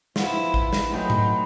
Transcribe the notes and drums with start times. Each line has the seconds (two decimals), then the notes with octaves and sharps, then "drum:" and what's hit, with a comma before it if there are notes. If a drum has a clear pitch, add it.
0.16 F3 B3 E4 F4, drum: snare
0.54 drum: kick A1
0.73 drum: snare
0.91 F#3 A3 D#4 G5 G#5 B5
1.10 drum: tom G#2